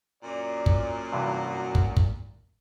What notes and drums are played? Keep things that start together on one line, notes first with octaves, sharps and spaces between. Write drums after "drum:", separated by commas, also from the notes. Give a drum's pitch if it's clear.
F#2 A#2 D5
drum: kick
G2 C3 E3 F#4
drum: kick
drum: kick